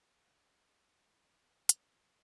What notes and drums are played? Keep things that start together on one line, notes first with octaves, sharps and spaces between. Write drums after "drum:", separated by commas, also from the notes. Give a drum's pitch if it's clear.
G#4 F5 G5 B5
B4 C5 D5
D5, drum: hi-hat